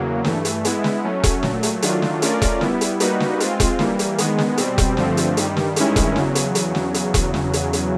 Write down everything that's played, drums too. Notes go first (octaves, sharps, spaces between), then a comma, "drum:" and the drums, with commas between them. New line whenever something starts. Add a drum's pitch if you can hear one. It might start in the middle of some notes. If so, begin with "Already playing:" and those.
Already playing: E2 C#3 F#3 A#3
G2 E3 A3, drum: snare
drum: hi-hat
G#3 B3 E4, drum: hi-hat
drum: snare
F#3 A3 C#4
drum: kick E1, hi-hat
A#2 F#3 A3, drum: snare
drum: hi-hat
D#3 F#3 A3 D4 F4, drum: hi-hat
drum: snare
A3 C#4 F4 A#4 D5, drum: hi-hat
drum: kick E1, hi-hat
G3 B3 E4, drum: snare
drum: hi-hat
G3 A#3 D#4 F#4 B4, drum: hi-hat
drum: snare
G#3 C4 F4, drum: hi-hat
drum: kick E1, hi-hat
E3 G3 A#3, drum: snare
drum: hi-hat
D#3 G#3 B3, drum: hi-hat
drum: snare
B2 G3 C4, drum: hi-hat
drum: kick E1, hi-hat
G2 D3 F3 A3 C4, drum: snare
drum: hi-hat
G2 D#3 G3, drum: hi-hat
drum: snare
G2 D#3 G#3 C#4 E4, drum: hi-hat
drum: kick E1, hi-hat
E2 C#3 F#3, drum: snare
drum: hi-hat
drum: hi-hat
drum: snare
drum: hi-hat
drum: kick E1, hi-hat
drum: snare
drum: hi-hat
drum: hi-hat